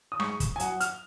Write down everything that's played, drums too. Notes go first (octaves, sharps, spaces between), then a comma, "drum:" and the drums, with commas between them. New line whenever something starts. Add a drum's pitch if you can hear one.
D#6
G#2 C#6, drum: rim click
drum: kick, hi-hat
G#5
F#3 F#5, drum: hi-hat
F6, drum: hi-hat